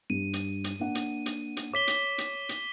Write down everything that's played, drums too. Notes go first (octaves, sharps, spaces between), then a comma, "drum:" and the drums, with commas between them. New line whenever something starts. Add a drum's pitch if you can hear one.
G2 D#7
drum: hi-hat
drum: hi-hat
A#3 D4 F#5
drum: hi-hat
drum: hi-hat
drum: hi-hat
C#5 D6 B6 G7
drum: hi-hat
drum: hi-hat
drum: hi-hat